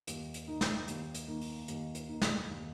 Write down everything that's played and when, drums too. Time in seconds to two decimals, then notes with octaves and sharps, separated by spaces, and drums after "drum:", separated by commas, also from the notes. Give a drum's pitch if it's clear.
0.07 D#2, drum: hi-hat
0.34 drum: hi-hat
0.48 D#3 A#3 D#4
0.61 drum: snare
0.88 D#2, drum: hi-hat
1.14 drum: hi-hat
1.28 D#3 A#3 D#4
1.41 drum: open hi-hat
1.68 D#2, drum: hi-hat
1.95 drum: hi-hat
2.08 D#3 A#3 D#4
2.22 drum: snare
2.48 D#2